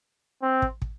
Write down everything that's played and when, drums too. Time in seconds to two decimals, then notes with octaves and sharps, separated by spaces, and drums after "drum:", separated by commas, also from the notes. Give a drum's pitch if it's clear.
0.42 C4
0.62 drum: kick
0.82 drum: kick